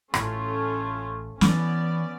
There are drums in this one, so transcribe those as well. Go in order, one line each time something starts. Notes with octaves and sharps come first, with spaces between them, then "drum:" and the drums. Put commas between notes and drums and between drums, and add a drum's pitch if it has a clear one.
A1 A3 C#4 F4, drum: rim click
E3 B3 C#4 D5, drum: snare